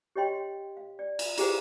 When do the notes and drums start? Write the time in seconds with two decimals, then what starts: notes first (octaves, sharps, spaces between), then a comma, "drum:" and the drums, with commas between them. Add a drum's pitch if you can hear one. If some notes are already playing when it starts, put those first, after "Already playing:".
0.16 G4 C#5 D#5 G5 C6
0.77 F5
0.99 D5
1.19 drum: cymbal
1.38 E4 G4 G#4 B4 C5 F#5, drum: cymbal